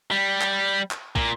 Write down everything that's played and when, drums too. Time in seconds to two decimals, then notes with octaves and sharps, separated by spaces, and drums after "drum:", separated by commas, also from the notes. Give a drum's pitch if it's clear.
0.11 G3
0.41 drum: clap
0.91 drum: clap
1.16 A#2, drum: kick